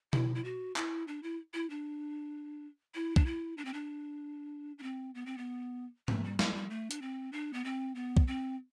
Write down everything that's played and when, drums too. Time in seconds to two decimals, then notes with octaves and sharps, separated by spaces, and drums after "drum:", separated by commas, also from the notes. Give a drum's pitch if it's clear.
0.13 E4, drum: tom B2
0.35 E4
0.44 F#4
0.76 E4, drum: clap
1.08 D4
1.23 E4
1.54 E4
1.70 D4
2.95 E4
3.16 D4, drum: kick
3.26 E4
3.57 D4
3.65 C4
3.74 D4
4.78 D4
4.83 C4
5.15 B3
5.26 C4
5.38 B3
6.08 A3, drum: tom G#2
6.24 G3
6.39 F#3, drum: snare
6.54 G3
6.70 A3
6.91 D4, drum: hi-hat
7.02 C4
7.33 D4
7.53 B3
7.65 C4
7.95 B3
8.17 drum: kick
8.27 C4